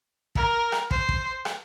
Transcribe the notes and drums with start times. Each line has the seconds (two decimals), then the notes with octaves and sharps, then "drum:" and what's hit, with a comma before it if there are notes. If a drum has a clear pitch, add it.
0.35 A#4, drum: kick
0.72 drum: rim click
0.91 C5, drum: kick
1.09 drum: kick
1.45 drum: rim click